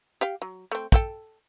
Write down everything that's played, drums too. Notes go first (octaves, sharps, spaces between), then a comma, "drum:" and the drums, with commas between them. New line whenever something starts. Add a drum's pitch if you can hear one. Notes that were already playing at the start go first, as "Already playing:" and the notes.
G4 F5 G5
F#3
A3 C4
C4 A4 G5, drum: kick